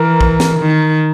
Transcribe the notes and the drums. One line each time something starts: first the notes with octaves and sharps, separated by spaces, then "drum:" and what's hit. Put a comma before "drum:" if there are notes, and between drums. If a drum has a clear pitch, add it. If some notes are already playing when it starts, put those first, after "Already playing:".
Already playing: E3 A#4
drum: kick
drum: snare
D#3